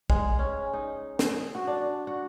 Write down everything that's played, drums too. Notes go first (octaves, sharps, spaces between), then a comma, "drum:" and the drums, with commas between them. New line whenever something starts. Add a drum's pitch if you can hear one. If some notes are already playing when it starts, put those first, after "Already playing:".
G#3, drum: kick
C#4
D#4
D#4, drum: snare
F#4
D4
F#4